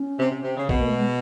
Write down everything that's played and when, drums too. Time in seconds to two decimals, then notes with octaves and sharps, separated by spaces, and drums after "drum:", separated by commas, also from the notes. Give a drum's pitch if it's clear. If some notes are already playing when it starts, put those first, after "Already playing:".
Already playing: C#4
0.19 C3
0.31 C3
0.43 C3
0.57 C#3
0.69 B2 B3, drum: kick A#1
0.78 A#3
0.88 A3
0.97 G#3